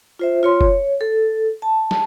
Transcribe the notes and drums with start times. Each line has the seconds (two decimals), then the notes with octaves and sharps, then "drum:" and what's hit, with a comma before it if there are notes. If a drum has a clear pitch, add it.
0.19 F4 C5 E5
0.43 F4 C#5 C6
0.61 C#5, drum: kick F#1
1.01 A4
1.62 A5
1.91 drum: snare